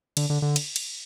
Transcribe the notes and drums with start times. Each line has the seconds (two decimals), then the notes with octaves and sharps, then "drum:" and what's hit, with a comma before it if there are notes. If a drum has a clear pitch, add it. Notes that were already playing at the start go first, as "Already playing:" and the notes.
0.17 D3, drum: cymbal
0.30 D3
0.42 D3
0.56 drum: cymbal
0.76 drum: cymbal